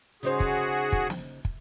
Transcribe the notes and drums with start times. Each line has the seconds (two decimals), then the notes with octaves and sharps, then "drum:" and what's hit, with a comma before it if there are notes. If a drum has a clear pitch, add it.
0.23 C#3 D#4 F#4 G#4 C5
0.40 drum: kick
0.92 drum: kick
1.10 drum: snare
1.45 drum: kick